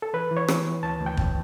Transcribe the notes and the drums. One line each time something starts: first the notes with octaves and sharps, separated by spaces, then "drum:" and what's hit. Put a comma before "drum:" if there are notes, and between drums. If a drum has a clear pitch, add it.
A4
E3 B4
E3
C#5
E3, drum: rim click
B3
D2 A5
D2
G5
B3, drum: kick